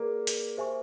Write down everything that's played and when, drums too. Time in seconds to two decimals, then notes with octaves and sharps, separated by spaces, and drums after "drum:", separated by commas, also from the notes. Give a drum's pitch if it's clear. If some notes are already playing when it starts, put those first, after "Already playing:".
Already playing: A#3 G#4 B4 D5
0.27 drum: hi-hat
0.57 G4 C5 E5 G#5 C#6